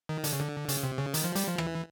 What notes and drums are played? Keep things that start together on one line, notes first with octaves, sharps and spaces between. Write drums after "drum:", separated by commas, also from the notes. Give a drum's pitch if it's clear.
D#3
D3, drum: hi-hat
C#3
D3
C#3, drum: hi-hat
C3
C#3
D#3, drum: hi-hat
F3
G3, drum: hi-hat
F3
E3, drum: rim click